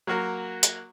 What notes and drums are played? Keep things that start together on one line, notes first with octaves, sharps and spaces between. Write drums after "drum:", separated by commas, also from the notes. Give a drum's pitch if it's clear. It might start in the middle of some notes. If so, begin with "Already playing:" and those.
F#3 A#3 F#4 A#4
drum: hi-hat